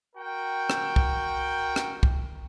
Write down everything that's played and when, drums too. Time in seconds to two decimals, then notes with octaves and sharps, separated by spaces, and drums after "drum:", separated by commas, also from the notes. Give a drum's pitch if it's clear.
0.16 F#4 A#4 G5
0.70 drum: rim click
0.96 drum: kick C2
1.76 drum: rim click
2.03 drum: kick C2